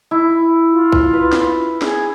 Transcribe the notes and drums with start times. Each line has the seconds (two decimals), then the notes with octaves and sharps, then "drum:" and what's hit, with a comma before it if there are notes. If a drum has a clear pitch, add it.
0.11 E4
0.72 F4
0.92 drum: kick
1.13 B4
1.33 drum: snare
1.82 G#4, drum: snare